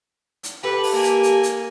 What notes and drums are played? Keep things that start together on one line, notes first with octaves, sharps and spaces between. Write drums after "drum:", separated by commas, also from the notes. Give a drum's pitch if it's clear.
drum: hi-hat
G4 A4 B4
drum: open hi-hat
A#3 G#5
drum: hi-hat
drum: hi-hat
drum: hi-hat